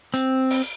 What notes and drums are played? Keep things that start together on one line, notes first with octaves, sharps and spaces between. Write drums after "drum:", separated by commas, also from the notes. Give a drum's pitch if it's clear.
C4, drum: hi-hat
drum: open hi-hat